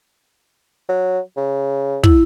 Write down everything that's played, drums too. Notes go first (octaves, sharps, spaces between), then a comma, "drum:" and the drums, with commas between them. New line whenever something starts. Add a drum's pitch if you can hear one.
F#3
C#3
E4, drum: kick